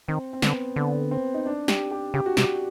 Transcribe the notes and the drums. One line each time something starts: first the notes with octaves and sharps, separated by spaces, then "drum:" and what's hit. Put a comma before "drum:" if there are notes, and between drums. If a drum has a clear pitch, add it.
D#3 C4
C4
D3 B3, drum: snare
D3 B3
C4
D#4
D4
G4, drum: snare
G4
C#3 G4
F#4
C3 G4, drum: snare